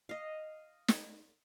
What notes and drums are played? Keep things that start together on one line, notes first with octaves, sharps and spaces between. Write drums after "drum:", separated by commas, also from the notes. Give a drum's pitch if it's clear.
D#5 F5
drum: snare